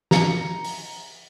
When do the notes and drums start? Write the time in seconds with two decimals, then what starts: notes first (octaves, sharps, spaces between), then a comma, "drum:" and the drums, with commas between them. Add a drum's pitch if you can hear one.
0.11 A#5 C#7, drum: snare
0.64 drum: open hi-hat